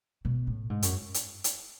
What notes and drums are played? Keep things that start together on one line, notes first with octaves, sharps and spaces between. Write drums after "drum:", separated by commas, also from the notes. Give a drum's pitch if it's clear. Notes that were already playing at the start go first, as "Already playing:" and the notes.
B2
A2
G#2
F#2, drum: hi-hat
drum: hi-hat
drum: hi-hat